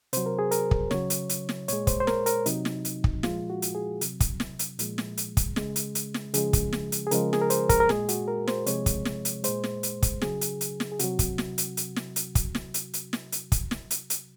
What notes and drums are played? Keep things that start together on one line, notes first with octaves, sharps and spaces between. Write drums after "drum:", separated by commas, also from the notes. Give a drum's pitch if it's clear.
C3 F#3 C5, drum: hi-hat
A#4
G#4
A#4, drum: hi-hat
drum: kick
C#3 F#3 C#5, drum: snare
drum: hi-hat
drum: hi-hat
drum: snare
A#2 G#3 C#5, drum: hi-hat
C5, drum: kick, hi-hat
C5
A#4, drum: snare
A#4, drum: hi-hat
C3 F#3 D#4, drum: hi-hat
drum: snare
drum: hi-hat
drum: kick
A#2 F3 G#3 F4, drum: snare
F#4
drum: hi-hat
G#4
C3 F#3, drum: hi-hat
drum: kick, hi-hat
drum: snare
drum: hi-hat
A#2 F3 G#3, drum: hi-hat
drum: snare
drum: hi-hat
drum: kick, hi-hat
C#3 G#3, drum: snare
drum: hi-hat
drum: hi-hat
drum: snare
C#3 F3 G#3 G#4, drum: hi-hat
drum: kick, hi-hat
drum: snare
drum: hi-hat
G#4
C#3 F3 G#3 A#4, drum: hi-hat
G#4, drum: snare
A#4
C5, drum: hi-hat
A#4, drum: kick, hi-hat
A#4
A#2 G#3 G#4, drum: snare
F#4, drum: hi-hat
A#4
C5, drum: snare
C3 F3 G#3 C#5, drum: hi-hat
drum: kick, hi-hat
drum: snare
drum: hi-hat
A#2 G#3 C5, drum: hi-hat
drum: snare
drum: hi-hat
drum: kick, hi-hat
C#3 F#3 G#4, drum: snare
drum: hi-hat
drum: hi-hat
drum: snare
G#4
C3 F#3 F#4, drum: hi-hat
drum: kick, hi-hat
drum: snare
drum: hi-hat
drum: hi-hat
drum: snare
drum: hi-hat
drum: kick, hi-hat
drum: snare
drum: hi-hat
drum: hi-hat
drum: snare
drum: hi-hat
drum: kick, hi-hat
drum: snare
drum: hi-hat
drum: hi-hat